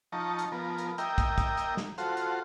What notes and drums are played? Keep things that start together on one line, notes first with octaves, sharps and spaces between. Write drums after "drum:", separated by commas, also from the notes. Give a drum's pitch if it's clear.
F3 D#4 A5 A#5 C#6
drum: hi-hat
F3 B3 A#4
drum: hi-hat
A#3 A#4 D#5 E5 G5, drum: hi-hat
drum: kick, hi-hat
drum: kick, hi-hat
drum: hi-hat
drum: snare
F4 F#4 A4 C5, drum: hi-hat
drum: hi-hat